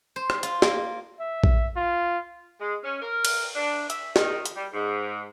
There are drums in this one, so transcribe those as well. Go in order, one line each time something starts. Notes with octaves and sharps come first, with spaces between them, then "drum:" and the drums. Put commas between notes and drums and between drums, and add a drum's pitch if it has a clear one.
C5
drum: rim click
F4, drum: hi-hat
A#3, drum: snare
E5
drum: kick
F4
G#3
C#4
A#4
drum: cymbal
D4
E5, drum: hi-hat
D#3, drum: snare
drum: hi-hat
G3
G#2